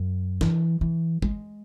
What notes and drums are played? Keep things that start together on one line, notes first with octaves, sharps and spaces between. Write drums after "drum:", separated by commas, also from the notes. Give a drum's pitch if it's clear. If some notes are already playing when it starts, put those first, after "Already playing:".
Already playing: F#2
E3, drum: snare
E3
G#3, drum: kick